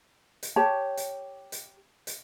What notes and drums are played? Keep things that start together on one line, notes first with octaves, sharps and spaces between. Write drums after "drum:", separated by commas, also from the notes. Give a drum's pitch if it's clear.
drum: hi-hat
G4 C#5 A5
drum: hi-hat
drum: hi-hat
drum: hi-hat